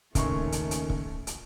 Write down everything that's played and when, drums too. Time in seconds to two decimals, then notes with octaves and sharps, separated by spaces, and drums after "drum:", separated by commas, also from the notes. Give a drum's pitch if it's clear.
0.15 A1 D#2 C#3 A3 C#4 D#4 A#4 C#6, drum: kick C#1, hi-hat
0.52 drum: hi-hat
0.71 drum: hi-hat
0.90 drum: kick C#1
1.27 drum: hi-hat